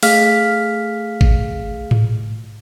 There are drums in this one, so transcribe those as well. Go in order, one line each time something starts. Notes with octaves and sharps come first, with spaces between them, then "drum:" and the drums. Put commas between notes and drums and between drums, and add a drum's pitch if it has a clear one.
A3 G#4 F5 F6 B6, drum: open hi-hat
drum: kick G#1
drum: tom G#2